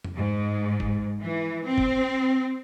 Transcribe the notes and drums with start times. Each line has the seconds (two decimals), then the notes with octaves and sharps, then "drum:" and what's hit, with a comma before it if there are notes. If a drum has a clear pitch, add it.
0.05 drum: tom F2
0.16 G#2
0.80 drum: kick
1.20 E3
1.66 C4
1.78 drum: kick